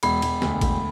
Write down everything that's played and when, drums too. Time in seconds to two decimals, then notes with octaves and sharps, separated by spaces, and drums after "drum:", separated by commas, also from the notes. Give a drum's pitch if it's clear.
0.03 E1 B5, drum: cymbal
0.22 E1, drum: cymbal
0.42 D2, drum: snare
0.61 E1, drum: kick A1, cymbal